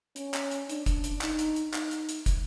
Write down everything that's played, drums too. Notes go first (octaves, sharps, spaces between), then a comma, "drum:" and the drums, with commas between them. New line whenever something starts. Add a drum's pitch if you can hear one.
C#4, drum: hi-hat
drum: clap
drum: hi-hat
D4, drum: hi-hat
drum: kick, hi-hat
drum: hi-hat
D#4, drum: clap
drum: hi-hat
drum: hi-hat
D#4, drum: clap
drum: hi-hat
drum: hi-hat
drum: kick, hi-hat